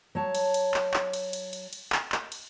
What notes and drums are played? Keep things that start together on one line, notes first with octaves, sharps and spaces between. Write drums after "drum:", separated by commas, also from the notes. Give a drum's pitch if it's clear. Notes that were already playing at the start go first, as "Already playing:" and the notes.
F#3 C#5 A5
drum: cymbal
drum: cymbal
drum: clap
drum: clap
drum: cymbal
drum: cymbal
drum: cymbal
drum: cymbal
drum: clap
drum: clap
drum: cymbal